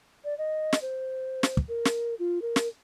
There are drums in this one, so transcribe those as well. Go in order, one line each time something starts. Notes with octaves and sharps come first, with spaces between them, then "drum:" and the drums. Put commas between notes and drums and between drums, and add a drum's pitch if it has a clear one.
D5
D#5
drum: snare
C5
drum: snare
drum: kick
A#4
drum: snare
F4
A#4
drum: snare